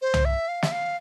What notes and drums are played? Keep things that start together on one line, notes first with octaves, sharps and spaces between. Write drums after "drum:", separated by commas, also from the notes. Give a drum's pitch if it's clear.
C5
drum: tom C2
E5
F5
E5, drum: snare
F5